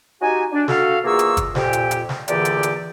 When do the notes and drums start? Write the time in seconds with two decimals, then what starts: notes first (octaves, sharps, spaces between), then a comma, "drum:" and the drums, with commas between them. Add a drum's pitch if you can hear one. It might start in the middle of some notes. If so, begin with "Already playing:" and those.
0.21 D#4 F#4 G4 G#5
0.52 D4
0.68 F#4 A4 F5, drum: snare
1.04 E2 A#3 F4 G#4 C#6 E6
1.19 drum: hi-hat
1.37 drum: kick, hi-hat
1.55 F2 A#2 G4, drum: snare
1.73 drum: hi-hat
1.91 drum: hi-hat
2.09 drum: snare
2.28 E2 A#2 D3 E3 G4 D5, drum: hi-hat
2.45 drum: hi-hat
2.63 drum: hi-hat